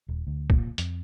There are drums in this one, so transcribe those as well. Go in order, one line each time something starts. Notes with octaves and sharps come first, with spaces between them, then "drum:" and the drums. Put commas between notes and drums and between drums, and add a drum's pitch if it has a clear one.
D#1
D2
A#2, drum: kick
F2, drum: hi-hat